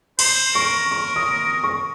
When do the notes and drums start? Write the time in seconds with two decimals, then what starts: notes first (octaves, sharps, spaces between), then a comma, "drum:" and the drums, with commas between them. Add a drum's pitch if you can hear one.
0.19 C5 C6, drum: cymbal
0.55 A#4 C#6
0.91 C#6
1.16 D#6
1.64 C#6